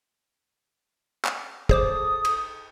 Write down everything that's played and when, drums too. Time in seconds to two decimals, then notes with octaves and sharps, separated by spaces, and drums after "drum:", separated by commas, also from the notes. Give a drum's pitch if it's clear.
1.25 drum: clap
1.69 G#4 A4 C5 D6 D#6, drum: kick
2.25 drum: cymbal